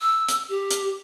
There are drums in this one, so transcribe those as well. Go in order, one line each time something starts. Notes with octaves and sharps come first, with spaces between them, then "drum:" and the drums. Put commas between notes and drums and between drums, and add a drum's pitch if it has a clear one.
E6
drum: hi-hat
G4
drum: hi-hat